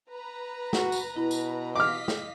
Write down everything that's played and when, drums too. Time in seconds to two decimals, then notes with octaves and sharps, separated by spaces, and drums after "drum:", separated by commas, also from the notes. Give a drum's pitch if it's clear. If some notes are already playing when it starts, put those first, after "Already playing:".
0.10 B4 A#5
0.73 F#4, drum: snare
0.92 drum: tambourine
1.16 B2 E4
1.31 drum: tambourine
1.76 D#5 F5 D6 F6 B6
2.08 drum: snare